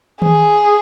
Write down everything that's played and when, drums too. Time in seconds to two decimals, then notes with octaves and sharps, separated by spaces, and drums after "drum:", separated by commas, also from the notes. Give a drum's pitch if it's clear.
0.22 G#4, drum: tom D#3